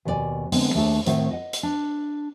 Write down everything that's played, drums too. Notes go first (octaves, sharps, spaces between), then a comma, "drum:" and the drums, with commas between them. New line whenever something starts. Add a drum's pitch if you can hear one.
D#2 B2 D4 D5 G#5
D3 G#3 B3 C4, drum: open hi-hat
D#2 A3 D4 G#4 A4 A5
A2 D#3 C4 C5 E5 F#5, drum: hi-hat
D#5 F#5
drum: hi-hat
D4